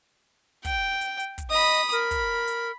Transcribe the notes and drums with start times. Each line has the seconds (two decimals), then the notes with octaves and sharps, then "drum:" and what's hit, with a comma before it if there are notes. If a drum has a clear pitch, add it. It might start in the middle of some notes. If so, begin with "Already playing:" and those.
0.65 G5, drum: kick, hi-hat
1.01 drum: hi-hat
1.19 drum: hi-hat
1.38 drum: kick, hi-hat
1.50 D#5 B5 D#6
1.74 drum: hi-hat
1.92 A#4 B5, drum: hi-hat
2.11 drum: kick, hi-hat
2.48 drum: hi-hat